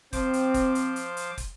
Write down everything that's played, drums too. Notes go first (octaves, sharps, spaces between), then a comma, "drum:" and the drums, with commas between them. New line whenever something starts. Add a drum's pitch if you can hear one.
F3 C4 C5 D6, drum: kick, hi-hat
drum: hi-hat
drum: kick, hi-hat
drum: hi-hat
drum: hi-hat
drum: hi-hat
drum: kick, hi-hat